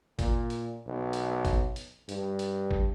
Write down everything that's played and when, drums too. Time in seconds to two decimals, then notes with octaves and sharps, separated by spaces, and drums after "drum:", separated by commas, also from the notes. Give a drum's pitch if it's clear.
0.19 A#2, drum: kick G#1, hi-hat
0.50 drum: hi-hat
0.87 B1
1.13 drum: hi-hat
1.45 drum: kick G#1, hi-hat
1.76 drum: hi-hat
2.09 G2, drum: hi-hat
2.39 drum: hi-hat
2.71 drum: kick G#1